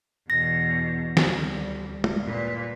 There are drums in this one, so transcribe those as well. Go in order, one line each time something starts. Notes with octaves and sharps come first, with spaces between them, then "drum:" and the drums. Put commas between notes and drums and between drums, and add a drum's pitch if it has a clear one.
E2 B2 A#6
D2 G3, drum: snare
drum: tom G#3
A#2 B4